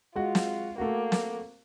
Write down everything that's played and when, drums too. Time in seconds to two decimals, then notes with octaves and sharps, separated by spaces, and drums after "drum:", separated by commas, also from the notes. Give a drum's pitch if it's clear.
0.16 G#3 F4 F#4
0.35 drum: snare
0.78 A3 A#3 F#4
1.12 drum: snare